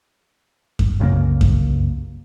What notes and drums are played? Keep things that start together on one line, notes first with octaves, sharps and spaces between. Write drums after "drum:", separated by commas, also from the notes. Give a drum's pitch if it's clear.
drum: kick F#2
C2 F#2 C#3 A#3
drum: kick F#2